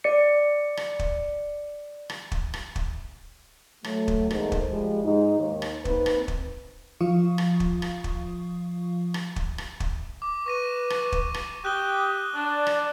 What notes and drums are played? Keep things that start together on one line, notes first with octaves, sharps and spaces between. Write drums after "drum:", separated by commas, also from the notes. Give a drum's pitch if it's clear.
D5 C#7
drum: rim click
drum: kick
drum: rim click
drum: kick
drum: rim click
drum: kick
F#3 A3, drum: rim click
drum: kick
E2 G#2 A3 D#4 A#4 C5, drum: rim click
drum: kick
F3 G3 G#3
G#2 D#4
D#2
drum: rim click
A#3 C4 D#4 B4, drum: kick
drum: rim click
drum: kick
F3 F4 F5 C#6 D#6
drum: rim click
drum: kick
drum: rim click
drum: kick
drum: rim click
drum: kick
drum: rim click
drum: kick
D6
B4 C#6 A#6 D#7
drum: rim click
drum: kick
drum: rim click
G4 D#6 F#6 G7
D4 D5
drum: rim click